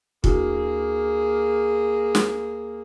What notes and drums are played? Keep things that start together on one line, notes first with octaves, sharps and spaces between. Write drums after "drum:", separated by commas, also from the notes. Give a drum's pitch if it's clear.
D2 A#3 E4 F#4 G#4, drum: kick
drum: snare